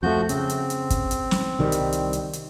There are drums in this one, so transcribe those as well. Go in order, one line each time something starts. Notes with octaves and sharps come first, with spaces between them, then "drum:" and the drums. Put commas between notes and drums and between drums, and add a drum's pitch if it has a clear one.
F2 F3 A3 F#4 G6
C#3 C4, drum: hi-hat
drum: hi-hat
drum: hi-hat
drum: kick, hi-hat
drum: hi-hat
drum: snare
C2 D#3 G3
drum: hi-hat
drum: hi-hat
drum: hi-hat
drum: hi-hat